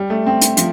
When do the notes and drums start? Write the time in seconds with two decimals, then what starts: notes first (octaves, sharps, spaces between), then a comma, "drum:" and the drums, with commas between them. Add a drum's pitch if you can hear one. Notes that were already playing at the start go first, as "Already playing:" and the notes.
Already playing: G3
0.10 A3
0.26 C4
0.41 drum: hi-hat
0.57 F3, drum: hi-hat